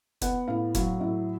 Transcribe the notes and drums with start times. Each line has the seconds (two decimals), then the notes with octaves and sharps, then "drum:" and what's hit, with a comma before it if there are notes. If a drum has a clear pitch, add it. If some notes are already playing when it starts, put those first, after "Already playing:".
0.21 B3 F#5, drum: kick, hi-hat
0.48 A2 F5
0.75 F#3 F5, drum: kick, hi-hat
1.00 A2 E5